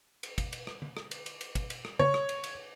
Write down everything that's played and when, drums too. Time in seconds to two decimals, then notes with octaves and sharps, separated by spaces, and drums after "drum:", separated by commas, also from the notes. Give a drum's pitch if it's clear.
0.23 drum: cymbal
0.38 drum: kick, cymbal
0.53 drum: cymbal
0.67 drum: rim click
0.82 drum: tom D3
0.97 drum: rim click
1.11 drum: cymbal
1.26 drum: cymbal
1.41 drum: cymbal
1.55 drum: kick, cymbal
1.70 drum: cymbal
1.85 drum: rim click
1.99 C#5, drum: tom C#3
2.14 drum: rim click
2.29 drum: cymbal
2.44 drum: cymbal